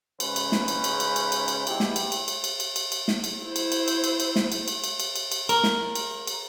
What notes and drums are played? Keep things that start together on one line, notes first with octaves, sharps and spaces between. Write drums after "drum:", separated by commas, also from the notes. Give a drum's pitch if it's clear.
G#2 C#3 C#4 D#4 B4 C5, drum: cymbal
drum: cymbal
drum: snare
drum: cymbal
drum: cymbal
drum: cymbal
drum: cymbal
drum: cymbal
drum: cymbal
G#2 B2 E4 G4, drum: cymbal
drum: snare
drum: cymbal
drum: cymbal
drum: cymbal
drum: cymbal
drum: cymbal
drum: cymbal
drum: cymbal
drum: snare
drum: cymbal
E4 C5
drum: cymbal
drum: cymbal
drum: cymbal
drum: cymbal
drum: cymbal
drum: snare
drum: cymbal
drum: cymbal
drum: cymbal
drum: cymbal
drum: cymbal
drum: cymbal
A#4, drum: cymbal
drum: snare
drum: cymbal
drum: cymbal